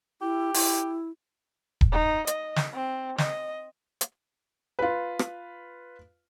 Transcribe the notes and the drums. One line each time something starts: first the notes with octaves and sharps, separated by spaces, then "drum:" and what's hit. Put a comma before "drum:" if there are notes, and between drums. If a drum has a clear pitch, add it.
E4 G4
E4, drum: open hi-hat
drum: kick D#1
D#4
D#5, drum: hi-hat
drum: snare
C4
D#5, drum: snare
drum: hi-hat
F4 B4
drum: rim click